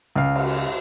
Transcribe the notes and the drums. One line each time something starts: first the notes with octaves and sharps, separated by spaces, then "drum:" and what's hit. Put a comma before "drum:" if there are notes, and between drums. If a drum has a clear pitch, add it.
C#2 F5
drum: cymbal